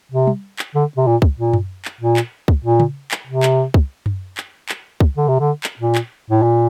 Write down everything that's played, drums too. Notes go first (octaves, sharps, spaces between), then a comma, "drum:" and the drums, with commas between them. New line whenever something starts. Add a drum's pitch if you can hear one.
C3
drum: tom G3
drum: clap
D3
C3
A#2
drum: kick
A#2
drum: tom F#2
drum: clap
A#2
drum: clap
drum: kick
A#2
drum: tom C#3
drum: clap
C3
drum: clap
drum: kick
drum: tom F#2
drum: clap
drum: clap
drum: kick
D3
C3
D3
drum: clap
A#2
drum: clap
A2
A#2